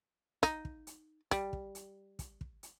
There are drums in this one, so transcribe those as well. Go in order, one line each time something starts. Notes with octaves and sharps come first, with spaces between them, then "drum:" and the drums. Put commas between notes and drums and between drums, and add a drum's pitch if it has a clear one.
D#4, drum: kick, hi-hat
drum: kick
drum: hi-hat
G3, drum: kick, hi-hat
drum: kick
drum: hi-hat
drum: kick, hi-hat
drum: kick
drum: hi-hat